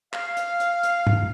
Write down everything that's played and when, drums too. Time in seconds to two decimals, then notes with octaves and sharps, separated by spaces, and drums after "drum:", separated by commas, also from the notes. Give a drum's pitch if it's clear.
0.14 F5, drum: clap
0.37 drum: hi-hat
0.60 drum: hi-hat
0.83 drum: hi-hat
1.07 drum: tom G2